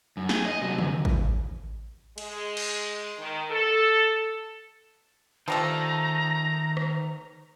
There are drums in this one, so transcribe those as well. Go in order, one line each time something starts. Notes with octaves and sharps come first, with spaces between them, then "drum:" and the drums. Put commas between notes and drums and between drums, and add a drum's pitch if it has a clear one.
F#2
G#4, drum: snare
D#5
C3 F#3
F#2, drum: tom
drum: kick A1
G#3, drum: cymbal
drum: cymbal
D#3
A4
D#3 F3 G3 A3 A#5
drum: rim click